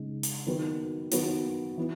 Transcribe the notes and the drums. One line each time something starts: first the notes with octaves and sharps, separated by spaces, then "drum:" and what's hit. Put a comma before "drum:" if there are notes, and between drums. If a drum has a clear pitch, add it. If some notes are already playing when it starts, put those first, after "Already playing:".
Already playing: C#3 G#3 D#4
drum: hi-hat
D#3 F#3 B3 F#4 B4
D#3 F#3 B3 F#4 B4, drum: hi-hat
E3 B3